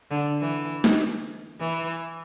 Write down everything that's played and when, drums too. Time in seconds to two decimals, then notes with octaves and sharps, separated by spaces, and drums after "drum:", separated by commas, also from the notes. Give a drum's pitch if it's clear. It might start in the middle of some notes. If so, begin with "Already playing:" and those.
0.11 D3
0.41 E3
0.84 drum: snare D#4
1.60 E3